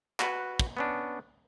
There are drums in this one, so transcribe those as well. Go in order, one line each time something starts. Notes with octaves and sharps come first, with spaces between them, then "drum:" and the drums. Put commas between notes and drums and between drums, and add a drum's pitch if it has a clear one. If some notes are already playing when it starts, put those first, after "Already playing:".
F#4 B4, drum: clap
drum: kick
B3 C#4 D4